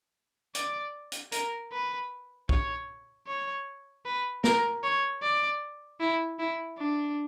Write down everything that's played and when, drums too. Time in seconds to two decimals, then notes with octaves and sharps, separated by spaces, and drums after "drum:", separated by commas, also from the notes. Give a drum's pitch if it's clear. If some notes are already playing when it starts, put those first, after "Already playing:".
0.55 D5, drum: hi-hat
1.12 drum: hi-hat
1.32 A#4, drum: hi-hat
1.72 B4
2.49 C#5, drum: kick B1
3.27 C#5
4.06 B4
4.44 A#4, drum: snare
4.83 C#5
5.22 D5
6.00 E4
6.39 E4
6.78 D4